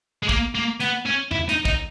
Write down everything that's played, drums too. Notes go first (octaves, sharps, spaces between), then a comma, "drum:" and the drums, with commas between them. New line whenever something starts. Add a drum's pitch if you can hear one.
G#3
A#3, drum: kick
A#3
B3, drum: hi-hat
C#4
E4, drum: tom E2
D#4, drum: hi-hat
D#4, drum: kick